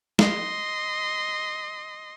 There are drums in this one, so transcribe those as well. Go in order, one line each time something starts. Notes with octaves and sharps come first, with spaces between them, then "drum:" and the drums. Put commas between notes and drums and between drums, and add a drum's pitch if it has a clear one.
D#5 C6, drum: snare